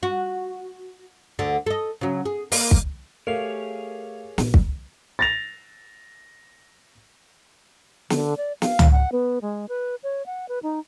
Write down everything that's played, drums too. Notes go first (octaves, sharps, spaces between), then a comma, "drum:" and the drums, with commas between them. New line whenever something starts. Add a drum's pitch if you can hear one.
F#4
D2 D3
A4 D#5
C#3 F#3
G#4
A#3, drum: open hi-hat
drum: kick
A3 G4 G#4 A#4 C#5 F5 F7
A#1, drum: snare
drum: kick
A6 A#6 F7
D3, drum: snare
D5
F5, drum: snare
drum: tom C#2
F#5
B3
G#3
B4
C#5
F#5
B4
D#4